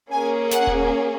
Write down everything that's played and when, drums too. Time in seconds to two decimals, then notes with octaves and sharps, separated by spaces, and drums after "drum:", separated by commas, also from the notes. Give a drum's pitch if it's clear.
0.11 A#3 C#4 G#4 G#5
0.51 F#5, drum: snare
0.67 drum: kick D#1